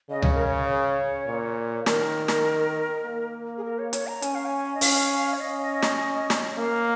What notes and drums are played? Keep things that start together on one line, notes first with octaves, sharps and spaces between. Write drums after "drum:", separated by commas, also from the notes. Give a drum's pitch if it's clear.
C#3 D#5
C#5, drum: tom C#2
A#4
C#5
C#5
A#2
D#3 A#4, drum: snare
drum: snare
A#3
G#4
A#4
C#5
C#5, drum: hi-hat
A#5
C#4 G#5, drum: hi-hat
F5
G#5
D#5
C#4 F5, drum: open hi-hat
C#5
C#4 D#5
drum: snare
drum: snare
A#3 F5